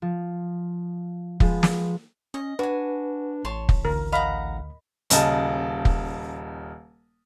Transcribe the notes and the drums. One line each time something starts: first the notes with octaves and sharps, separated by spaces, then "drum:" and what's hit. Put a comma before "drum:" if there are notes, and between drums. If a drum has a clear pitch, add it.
F3
F3 G#3 B3, drum: kick
drum: snare
C#4 D#5
D4 F#4 B4 G#5
A1 C#5 A5 C6
drum: kick
D2 A#4
D#5 F5 F#5 A#5 B5
D#1 C#3 D#5 A5, drum: hi-hat
drum: kick